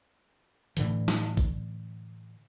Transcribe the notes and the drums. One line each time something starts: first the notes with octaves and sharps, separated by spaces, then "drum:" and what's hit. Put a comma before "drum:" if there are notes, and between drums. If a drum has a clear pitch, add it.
A2 D3 E3, drum: hi-hat
drum: snare
drum: kick